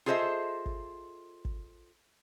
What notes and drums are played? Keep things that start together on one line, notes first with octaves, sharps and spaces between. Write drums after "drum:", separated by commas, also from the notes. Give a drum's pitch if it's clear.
F4 G#4 A4 C5 D#5 E5
drum: kick
drum: kick